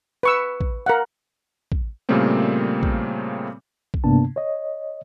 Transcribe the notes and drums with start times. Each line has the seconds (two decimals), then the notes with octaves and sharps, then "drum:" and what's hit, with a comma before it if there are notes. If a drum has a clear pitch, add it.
0.23 B4 C#6 E6
0.61 drum: kick
0.86 A#4 F5 F#5
1.72 drum: kick
2.09 A#2 C#3 G3 A3 A#3 C4
2.83 drum: kick
3.94 drum: kick
4.04 G2 C3 A#3 B3 D4 A5
4.36 C#5 D#5